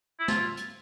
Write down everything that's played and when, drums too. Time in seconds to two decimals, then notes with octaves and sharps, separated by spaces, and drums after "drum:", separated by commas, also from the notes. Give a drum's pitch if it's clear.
0.19 E4
0.28 F4, drum: snare
0.57 drum: hi-hat